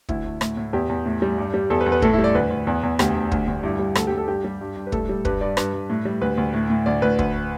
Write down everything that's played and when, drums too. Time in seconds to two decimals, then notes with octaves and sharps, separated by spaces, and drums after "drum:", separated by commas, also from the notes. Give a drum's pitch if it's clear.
0.09 D2 E4, drum: kick
0.25 D2
0.41 A2, drum: rim click
0.57 A2
0.73 E2 G4
0.89 E2
1.06 A2
1.22 G3
1.38 G2
1.54 G3
1.70 E2 A4
1.81 B4
1.86 E2
1.92 B4
2.02 A2 A4, drum: kick
2.14 G3 E4
2.24 D5
2.35 D2 B4
2.50 D2
2.67 E2
2.83 E2
2.99 D2 G4, drum: rim click
3.16 D2
3.32 D2, drum: kick
3.48 D2
3.63 G2 E4
3.79 G3
3.95 D2 A4, drum: rim click
4.07 G4
4.12 D2
4.18 A4
4.28 G2 G4
4.44 G3
4.61 G2
4.77 G2
4.87 B4
4.92 A2 A4, drum: kick
5.09 G3
5.25 G2 B4, drum: kick
5.41 G2 D5
5.57 G2 B4, drum: rim click
5.74 G2
5.90 A2
6.05 G3
6.21 D2 B4
6.38 D2
6.54 A2
6.70 A2
6.86 D2 D5
7.02 D2 B4
7.19 D2, drum: kick